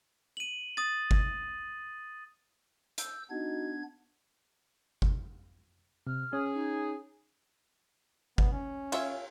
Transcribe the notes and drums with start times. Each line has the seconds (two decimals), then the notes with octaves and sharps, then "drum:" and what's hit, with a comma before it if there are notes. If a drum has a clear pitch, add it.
0.37 D#7 F#7
0.77 D#6 A6
1.11 drum: kick G1
2.98 E6 G6, drum: hi-hat
3.30 B3 D4 D#4 F#4 G#6
5.02 drum: kick G1
6.07 C3 F6
6.33 C#4 G#4
6.53 D#4
8.38 B3, drum: kick G1
8.52 C#4
8.92 F4 C#5 E5, drum: cymbal